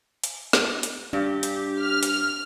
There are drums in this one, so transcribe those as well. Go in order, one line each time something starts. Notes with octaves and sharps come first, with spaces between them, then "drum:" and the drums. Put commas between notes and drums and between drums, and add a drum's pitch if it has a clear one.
drum: hi-hat
drum: snare
drum: hi-hat
G2 D4 G4
drum: hi-hat
F6
drum: hi-hat